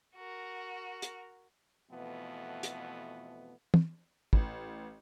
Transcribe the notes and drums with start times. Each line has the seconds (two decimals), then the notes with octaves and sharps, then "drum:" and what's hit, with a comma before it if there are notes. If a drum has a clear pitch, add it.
0.15 F#4 A#4
1.02 drum: hi-hat
1.90 F2 B2 E3 A3 B3
2.63 drum: hi-hat
3.74 drum: tom
4.33 A1, drum: kick